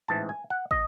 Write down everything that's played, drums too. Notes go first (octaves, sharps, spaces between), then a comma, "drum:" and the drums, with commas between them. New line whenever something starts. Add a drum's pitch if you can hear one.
A1 G#2 E3 A5
G#5
F#5
D#5, drum: kick